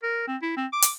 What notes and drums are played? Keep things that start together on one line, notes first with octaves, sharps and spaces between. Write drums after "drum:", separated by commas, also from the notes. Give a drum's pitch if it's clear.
A#4
C4
E4
C4
D6
drum: hi-hat